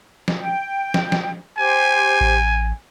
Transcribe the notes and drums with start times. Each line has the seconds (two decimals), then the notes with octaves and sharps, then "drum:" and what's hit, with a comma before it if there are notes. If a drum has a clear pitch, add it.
0.28 drum: snare
0.40 G5
0.94 drum: snare
1.12 drum: snare
1.58 G4 C5 G#5
2.21 A1